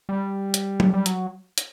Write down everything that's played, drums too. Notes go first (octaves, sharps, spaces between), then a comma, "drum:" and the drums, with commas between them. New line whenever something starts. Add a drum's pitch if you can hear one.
G3
drum: hi-hat
drum: tom F#3
G3
F#3, drum: hi-hat
drum: hi-hat